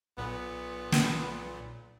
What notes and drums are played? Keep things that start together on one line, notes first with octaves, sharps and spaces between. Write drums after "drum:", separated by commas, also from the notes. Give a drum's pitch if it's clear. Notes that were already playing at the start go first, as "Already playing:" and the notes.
B1 A#2 B3
drum: snare